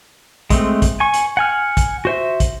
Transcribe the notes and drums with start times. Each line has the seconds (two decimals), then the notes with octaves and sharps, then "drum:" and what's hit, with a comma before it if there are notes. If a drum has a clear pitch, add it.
0.50 G#3 A3 C4, drum: kick, hi-hat
0.82 drum: kick, hi-hat
1.00 G#5 C#6
1.14 drum: hi-hat
1.37 F#5 G#5 F6
1.77 drum: kick, hi-hat
2.05 F#4 C5 E5
2.40 drum: kick, hi-hat